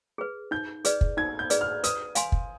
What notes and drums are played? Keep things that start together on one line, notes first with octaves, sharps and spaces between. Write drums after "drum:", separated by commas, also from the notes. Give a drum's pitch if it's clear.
G#4 B4
D#4 G6
G#4 B4 D5, drum: hi-hat
drum: kick
D#4 G#6
G6
G#4 B4 D5, drum: hi-hat
F6
B4 D#6, drum: hi-hat
F5 G#5 C6, drum: hi-hat
drum: kick